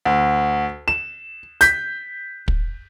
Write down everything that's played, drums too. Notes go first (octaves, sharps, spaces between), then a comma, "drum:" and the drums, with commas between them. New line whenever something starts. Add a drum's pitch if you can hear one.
D2
E7
G6 B6, drum: hi-hat
drum: kick